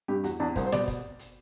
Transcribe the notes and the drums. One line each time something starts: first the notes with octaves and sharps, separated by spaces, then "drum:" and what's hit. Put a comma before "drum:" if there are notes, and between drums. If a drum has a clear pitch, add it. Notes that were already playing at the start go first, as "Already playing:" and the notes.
G2 G4
E2 F#4, drum: hi-hat
E2 D4
C2 C5, drum: kick, hi-hat
C5
B2 D5, drum: snare
drum: kick, hi-hat
drum: hi-hat